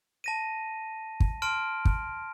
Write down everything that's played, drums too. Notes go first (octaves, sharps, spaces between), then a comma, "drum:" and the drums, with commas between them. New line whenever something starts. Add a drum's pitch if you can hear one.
A5 A#6 D#7
drum: kick
A5 C6 F6 D7
drum: kick